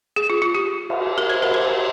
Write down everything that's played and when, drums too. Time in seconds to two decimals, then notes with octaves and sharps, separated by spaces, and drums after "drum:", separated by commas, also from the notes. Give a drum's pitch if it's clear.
0.16 G#4
0.30 F4
0.42 F4
0.55 G4
0.90 drum: cymbal
1.18 A#4
1.30 C5
1.42 A#4, drum: cymbal
1.54 C5